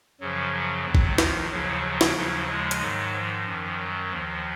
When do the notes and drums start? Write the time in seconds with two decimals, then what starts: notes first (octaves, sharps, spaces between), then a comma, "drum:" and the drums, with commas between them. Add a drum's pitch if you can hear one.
0.21 F#2 C#3 F3 F#3
0.52 F#3
0.85 D#2 D#3 F#3
0.95 drum: kick A1
1.18 F3, drum: snare
1.51 D#2 C#3 F3 F#3
2.01 drum: snare
2.15 D#2 C#3 F3 F#3
2.49 F3 G#3
2.71 drum: hi-hat
2.81 G#2 D#3 F#3
3.14 F3
3.47 F#2 D#3
3.79 F#3
4.11 D#2 D#3 F3